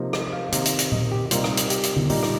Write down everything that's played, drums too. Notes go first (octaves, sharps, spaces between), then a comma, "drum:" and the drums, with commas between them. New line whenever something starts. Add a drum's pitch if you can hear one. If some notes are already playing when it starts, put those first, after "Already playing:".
Already playing: C3 F3 A#3 D#4
D#5, drum: rim click
F5
C3 D#3 A#3, drum: hi-hat
drum: hi-hat
drum: hi-hat
D#5, drum: tom A#2
G4
C3 G3 A#3 D#4 F4, drum: hi-hat
drum: rim click
drum: hi-hat
G4, drum: hi-hat
drum: hi-hat
drum: tom D3
A#2 G3 D#4 G4, drum: open hi-hat
drum: rim click